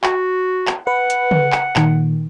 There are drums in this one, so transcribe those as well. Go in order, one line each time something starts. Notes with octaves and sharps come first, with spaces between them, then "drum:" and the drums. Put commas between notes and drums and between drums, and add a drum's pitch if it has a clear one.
F#4, drum: clap
drum: clap
B4 F#5
drum: hi-hat
drum: tom C#3
drum: clap
A#2 D#3, drum: clap